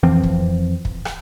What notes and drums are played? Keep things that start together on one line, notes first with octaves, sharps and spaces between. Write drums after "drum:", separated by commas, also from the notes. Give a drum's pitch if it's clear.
F2 E3 F3 C4
drum: kick
drum: kick
drum: rim click